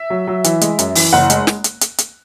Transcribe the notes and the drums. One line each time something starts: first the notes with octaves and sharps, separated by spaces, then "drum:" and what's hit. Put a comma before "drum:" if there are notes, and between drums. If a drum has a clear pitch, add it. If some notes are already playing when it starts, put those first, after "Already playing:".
Already playing: E5
F#3
F#3
E3, drum: hi-hat
G#3, drum: hi-hat
F#2, drum: hi-hat
E3, drum: open hi-hat
F#1 F#5
G#3, drum: hi-hat
drum: snare
drum: hi-hat
drum: hi-hat
drum: hi-hat